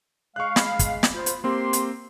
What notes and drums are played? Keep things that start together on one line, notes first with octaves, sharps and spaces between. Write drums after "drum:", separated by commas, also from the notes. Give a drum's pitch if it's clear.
G#3 F5 C#6 F#6
B5, drum: snare
drum: kick, hi-hat
drum: snare
F4 C5
drum: hi-hat
A#3 C4 G4 C6
drum: hi-hat